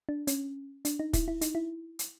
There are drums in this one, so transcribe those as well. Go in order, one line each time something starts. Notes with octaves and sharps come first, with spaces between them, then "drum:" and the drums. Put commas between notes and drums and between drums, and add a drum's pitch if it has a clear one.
D4
C#4, drum: hi-hat
D4, drum: hi-hat
D#4
E4, drum: kick, hi-hat
E4
D#4, drum: hi-hat
E4
drum: hi-hat